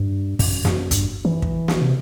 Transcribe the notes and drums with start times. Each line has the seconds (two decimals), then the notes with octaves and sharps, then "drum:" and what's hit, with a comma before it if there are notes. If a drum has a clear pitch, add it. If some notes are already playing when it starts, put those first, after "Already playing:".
Already playing: G2
0.39 F#2, drum: kick, open hi-hat
0.65 F#2, drum: snare
0.91 G2, drum: kick, hi-hat
1.25 E3
1.42 drum: kick
1.68 drum: snare
1.82 C3